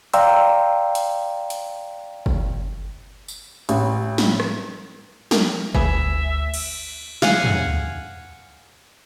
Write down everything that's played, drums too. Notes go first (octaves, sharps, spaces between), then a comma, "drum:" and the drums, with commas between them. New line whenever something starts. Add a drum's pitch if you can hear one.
D5 F5 G5 A#5 C6 E6, drum: hi-hat
drum: hi-hat
drum: hi-hat
drum: kick
drum: tambourine
A1, drum: hi-hat
drum: snare
drum: rim click
G4 A#4, drum: snare
D2 E3 A3 G#4 E5 B5, drum: kick
drum: cymbal
F5 F#5 G#5, drum: snare
drum: tom